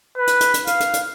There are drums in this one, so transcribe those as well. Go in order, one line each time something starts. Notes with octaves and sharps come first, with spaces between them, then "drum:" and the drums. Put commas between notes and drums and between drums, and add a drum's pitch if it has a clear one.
B4
drum: hi-hat
drum: hi-hat
drum: hi-hat
F5, drum: hi-hat
drum: hi-hat
drum: hi-hat